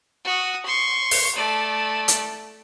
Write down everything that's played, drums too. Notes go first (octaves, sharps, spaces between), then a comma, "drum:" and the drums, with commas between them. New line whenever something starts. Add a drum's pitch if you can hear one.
F#4 D#6
C6 C#6
drum: open hi-hat
A3 D5
drum: hi-hat